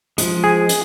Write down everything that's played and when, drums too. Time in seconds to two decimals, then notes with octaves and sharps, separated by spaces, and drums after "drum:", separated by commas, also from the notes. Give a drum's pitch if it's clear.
0.18 F3 G#3, drum: hi-hat
0.44 G#4
0.69 drum: hi-hat